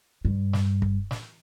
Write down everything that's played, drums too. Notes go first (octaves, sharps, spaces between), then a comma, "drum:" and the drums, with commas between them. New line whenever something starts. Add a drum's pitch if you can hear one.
G2
drum: snare
drum: kick
drum: snare